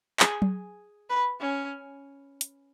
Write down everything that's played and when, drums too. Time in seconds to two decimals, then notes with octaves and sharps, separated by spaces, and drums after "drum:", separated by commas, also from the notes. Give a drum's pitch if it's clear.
0.20 G#4, drum: clap
0.42 drum: tom F#3
1.10 B4
1.40 C#4
2.41 drum: hi-hat